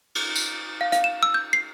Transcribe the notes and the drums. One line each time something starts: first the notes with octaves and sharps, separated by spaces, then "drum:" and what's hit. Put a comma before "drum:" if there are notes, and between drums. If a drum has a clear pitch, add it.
drum: cymbal
drum: tambourine
F5
F5, drum: hi-hat
E7
E6
G6
C7